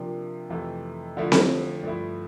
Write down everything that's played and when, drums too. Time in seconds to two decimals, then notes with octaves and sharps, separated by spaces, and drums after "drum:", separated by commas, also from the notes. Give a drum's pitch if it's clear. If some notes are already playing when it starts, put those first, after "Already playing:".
Already playing: C3 F3 A#3 D4
0.49 F2 C3 E3 A3
1.17 D3 F3 A3 E4
1.32 drum: snare C4
1.83 G2 F3 A3 E4